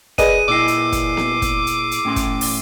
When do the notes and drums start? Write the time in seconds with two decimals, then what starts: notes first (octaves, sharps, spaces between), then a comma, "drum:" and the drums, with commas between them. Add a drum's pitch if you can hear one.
0.18 G#4 B4 D5 D#5 D#7, drum: kick, hi-hat
0.48 A#2 E4 D#5 D6 E6 C7
0.68 drum: hi-hat
0.92 drum: kick, hi-hat
1.17 drum: snare B3
1.42 drum: kick, hi-hat
1.67 drum: hi-hat
1.91 drum: hi-hat
2.05 A2 C#4 C6
2.16 drum: kick, hi-hat
2.41 drum: open hi-hat